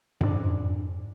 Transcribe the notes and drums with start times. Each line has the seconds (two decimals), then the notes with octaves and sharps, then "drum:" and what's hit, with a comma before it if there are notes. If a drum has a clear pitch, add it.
0.21 F2 G#2 A3 D4, drum: tom F#2